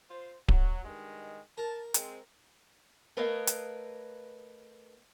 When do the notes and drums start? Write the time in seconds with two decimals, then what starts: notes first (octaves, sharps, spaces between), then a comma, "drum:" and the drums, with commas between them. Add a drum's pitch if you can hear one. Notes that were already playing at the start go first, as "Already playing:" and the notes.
0.10 F4 C5
0.48 F#3, drum: kick D1
0.85 G2 D#3 G#3
1.58 A#4 A5
1.94 G#3 C4, drum: hi-hat
3.17 A3 A#4 B4 C#5 D#5 F5
3.47 drum: hi-hat